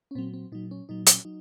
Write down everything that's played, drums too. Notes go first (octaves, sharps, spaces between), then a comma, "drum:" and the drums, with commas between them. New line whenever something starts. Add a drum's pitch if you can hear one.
C#4
A#2 F#3 C4
C4
A#2 F#3 D#4
C#4
A#2 F#3 D#4
C#4, drum: hi-hat
F#3 D#4